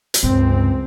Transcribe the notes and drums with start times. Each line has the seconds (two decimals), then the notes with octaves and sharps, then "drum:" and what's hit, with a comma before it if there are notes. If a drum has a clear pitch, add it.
0.14 drum: hi-hat
0.23 C#2 G2 C3 C4